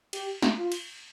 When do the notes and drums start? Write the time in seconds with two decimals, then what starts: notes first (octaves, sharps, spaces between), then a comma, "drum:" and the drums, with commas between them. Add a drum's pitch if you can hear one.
0.13 G4, drum: cymbal
0.42 drum: snare
0.57 F4
0.72 drum: cymbal